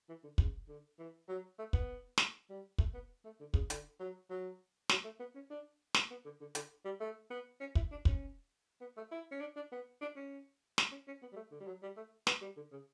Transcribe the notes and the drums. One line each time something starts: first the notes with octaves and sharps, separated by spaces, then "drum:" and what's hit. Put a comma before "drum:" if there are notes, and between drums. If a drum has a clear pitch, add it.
E3
D3
C#3, drum: kick
D3
E3
F#3
A3
B3, drum: kick
drum: snare
G3
A3, drum: kick
B3
A3
D3
C#3, drum: kick
D3, drum: hi-hat
F#3
F#3
F#3, drum: snare
A3
B3
C#4
D4
B3, drum: snare
B3
D3
D3
D3, drum: hi-hat
G3
A3
B3
C#4
E4, drum: kick
D4
C#4, drum: kick
B3
A3
E4
C#4
D4
D4
B3
D4
C#4
drum: snare
C#4
C#4
B3
G3
A3
D3
G3
F#3
G3
A3
B3, drum: snare
G3
D3
C#3